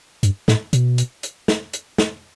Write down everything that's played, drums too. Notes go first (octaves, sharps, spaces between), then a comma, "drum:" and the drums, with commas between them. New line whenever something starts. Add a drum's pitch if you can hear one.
G2, drum: hi-hat
A2, drum: snare
B2, drum: hi-hat
drum: hi-hat
drum: hi-hat
drum: snare
drum: hi-hat
drum: snare